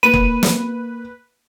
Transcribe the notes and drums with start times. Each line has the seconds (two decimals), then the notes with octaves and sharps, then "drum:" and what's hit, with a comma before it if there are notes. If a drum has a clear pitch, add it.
0.03 A#3 B4 D#7
0.14 drum: kick
0.43 drum: snare